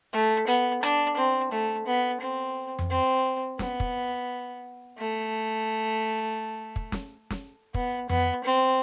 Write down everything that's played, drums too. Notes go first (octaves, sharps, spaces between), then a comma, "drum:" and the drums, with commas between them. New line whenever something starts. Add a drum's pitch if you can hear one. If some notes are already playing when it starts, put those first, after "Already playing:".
A3
B3, drum: hi-hat
D4, drum: rim click
C4
A3
B3
C4
drum: tom F2
C4
B3, drum: snare
drum: kick
A3
drum: kick
drum: snare
drum: snare
B3, drum: kick
B3, drum: tom F2
C4